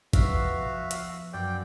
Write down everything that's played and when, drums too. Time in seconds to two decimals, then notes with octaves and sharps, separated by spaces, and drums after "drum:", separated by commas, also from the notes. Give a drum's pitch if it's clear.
0.13 F3 B3 F#4 E5 F5, drum: kick, hi-hat
0.91 drum: hi-hat
1.33 F#2 D5 G5